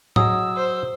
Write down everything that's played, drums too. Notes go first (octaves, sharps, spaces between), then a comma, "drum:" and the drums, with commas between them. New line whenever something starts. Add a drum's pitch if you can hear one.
F#3 G#4 D#5 D#6 E6, drum: tom
C5